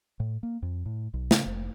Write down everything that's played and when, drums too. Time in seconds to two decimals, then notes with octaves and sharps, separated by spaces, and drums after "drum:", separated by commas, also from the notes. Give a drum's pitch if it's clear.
0.20 A2
0.43 A#3
0.62 F2
0.86 A2
1.14 B1
1.31 C#3, drum: snare
1.46 F1